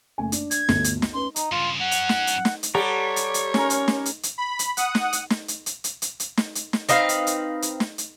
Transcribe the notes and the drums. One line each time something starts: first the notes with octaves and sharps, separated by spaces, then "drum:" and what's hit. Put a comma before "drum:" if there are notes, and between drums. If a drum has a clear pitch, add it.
F#1 A3 G#5
D4, drum: hi-hat
G#6, drum: hi-hat
G1 D2, drum: snare
drum: hi-hat
drum: snare
C#4 B4 C6
D#4, drum: hi-hat
G2 C#3 F4
F#3 C#4 F#5
drum: hi-hat
drum: snare
drum: hi-hat
drum: snare
drum: hi-hat
G3 G4 A4 C#5 F#5 A#5
drum: hi-hat
drum: hi-hat
C#4 A#4, drum: snare
drum: hi-hat
drum: snare
drum: hi-hat
drum: hi-hat
B5
drum: hi-hat
F#5 D#6, drum: hi-hat
drum: snare
drum: hi-hat
drum: snare
drum: hi-hat
drum: hi-hat
drum: hi-hat
drum: hi-hat
drum: hi-hat
drum: snare
drum: hi-hat
drum: snare
C4 D#4 B4 F5, drum: hi-hat
drum: hi-hat
drum: hi-hat
drum: hi-hat
drum: snare
drum: hi-hat